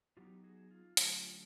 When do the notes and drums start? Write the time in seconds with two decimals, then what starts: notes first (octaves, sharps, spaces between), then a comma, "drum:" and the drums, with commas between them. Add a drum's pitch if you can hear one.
0.17 A2 F#3 B3 D#4 F4 G4
0.44 F#4 G#4
0.71 F4
0.97 D3 F#3 A3 C#4 E4 F4, drum: hi-hat
1.17 F4 G4